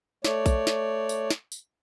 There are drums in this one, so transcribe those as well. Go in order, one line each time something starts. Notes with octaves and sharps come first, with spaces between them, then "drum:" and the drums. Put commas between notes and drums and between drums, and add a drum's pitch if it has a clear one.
A3 C#5 D5, drum: snare
drum: kick A#1, tambourine
drum: snare
drum: tambourine
drum: snare
drum: tambourine